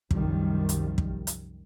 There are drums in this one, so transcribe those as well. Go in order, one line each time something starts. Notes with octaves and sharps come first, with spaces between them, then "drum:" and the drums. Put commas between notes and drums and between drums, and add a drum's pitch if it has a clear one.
C2 F#2 D#3 F3 G3, drum: kick
drum: hi-hat
drum: kick
drum: hi-hat